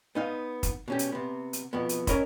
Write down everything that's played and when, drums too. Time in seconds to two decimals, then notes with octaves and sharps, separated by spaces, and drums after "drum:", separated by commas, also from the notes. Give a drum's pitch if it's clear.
0.15 B3 D#4 F5
0.63 drum: kick, hi-hat
0.88 B2 C#4 G4
0.99 drum: hi-hat
1.12 C3 B3
1.53 drum: hi-hat
1.73 F2 B2 B3
1.89 drum: hi-hat
2.07 C#4 D#4 A#4 C#5 D#5 B5, drum: kick, hi-hat